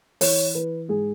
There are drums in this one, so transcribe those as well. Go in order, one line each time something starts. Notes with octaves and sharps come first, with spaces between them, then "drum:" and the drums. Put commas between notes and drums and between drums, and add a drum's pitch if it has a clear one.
E3 C#5, drum: open hi-hat
E3 B4
G#2 G#4